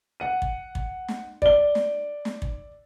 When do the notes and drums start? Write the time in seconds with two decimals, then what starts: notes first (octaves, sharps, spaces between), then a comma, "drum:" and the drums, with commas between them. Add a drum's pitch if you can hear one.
0.20 F#5 D#7
0.42 drum: kick
0.75 drum: kick
1.08 drum: snare
1.42 D5 G7, drum: kick
1.75 drum: snare
2.25 drum: snare
2.42 drum: kick